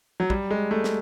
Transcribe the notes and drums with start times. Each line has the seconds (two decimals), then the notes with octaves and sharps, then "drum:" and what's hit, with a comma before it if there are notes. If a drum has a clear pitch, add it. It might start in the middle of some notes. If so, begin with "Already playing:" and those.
0.20 F#3
0.30 G3, drum: kick
0.51 G#3
0.71 A3
0.84 drum: snare